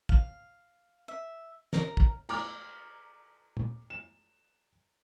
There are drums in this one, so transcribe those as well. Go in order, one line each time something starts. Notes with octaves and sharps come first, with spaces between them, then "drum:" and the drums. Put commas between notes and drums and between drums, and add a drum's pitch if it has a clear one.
F5, drum: kick
E5
A#4, drum: snare
drum: kick
A#5 D6 F6, drum: cymbal
drum: tom
E7